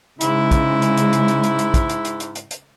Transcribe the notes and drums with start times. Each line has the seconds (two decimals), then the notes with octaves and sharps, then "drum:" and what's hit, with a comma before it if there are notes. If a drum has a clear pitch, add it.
0.21 G#2 C#3 G#3 E4, drum: hi-hat
0.51 drum: kick, hi-hat
0.82 drum: hi-hat
0.97 drum: hi-hat
1.13 drum: hi-hat
1.28 drum: hi-hat
1.43 drum: hi-hat
1.59 drum: hi-hat
1.74 drum: kick, hi-hat
1.89 drum: hi-hat
2.05 drum: hi-hat
2.20 drum: hi-hat
2.35 drum: hi-hat
2.51 drum: hi-hat